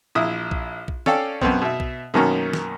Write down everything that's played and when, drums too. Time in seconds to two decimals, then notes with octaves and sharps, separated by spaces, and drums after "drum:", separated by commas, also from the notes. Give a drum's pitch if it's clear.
0.15 A#1 E4 D#6
0.51 drum: kick A#1
0.88 drum: kick A#1
1.06 C#4 A4 D5 F5 G5 A5, drum: snare
1.42 F#2 B2 B3 C4, drum: kick A#1
1.62 B2 E5
1.80 drum: kick A#1
2.14 F#2 B2 D#3 A#3 C#4
2.53 drum: snare